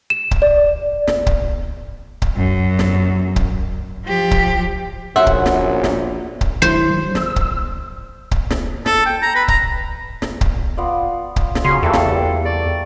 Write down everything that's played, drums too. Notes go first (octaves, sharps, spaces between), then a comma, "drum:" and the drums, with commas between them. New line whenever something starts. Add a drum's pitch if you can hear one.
E7
drum: kick C#1
D5
drum: snare
drum: kick C#1
drum: kick C#1
F#2
drum: snare
drum: kick C#1
F3 G4
drum: kick C#1
A#1 F#2 C5 E5 F#5
drum: kick C#1
drum: snare
drum: snare
drum: kick C#1
D#3 F#3 E4 C5
F#3
E6, drum: snare
drum: kick C#1
drum: kick C#1
drum: snare
A4, drum: snare
G5
A#5
B4
A#5, drum: kick C#1
drum: snare
drum: kick C#1
B3 F4 D5
drum: kick C#1
drum: snare
C#3 F#4 F5 C6
E2 G3 A3 A#3 A4
drum: snare
G3
D5 C#6